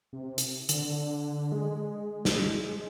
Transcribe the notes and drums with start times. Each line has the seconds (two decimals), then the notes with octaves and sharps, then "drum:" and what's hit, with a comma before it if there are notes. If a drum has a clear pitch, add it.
0.13 C3
0.38 drum: hi-hat
0.69 D3, drum: hi-hat
1.52 G#3
2.25 drum: snare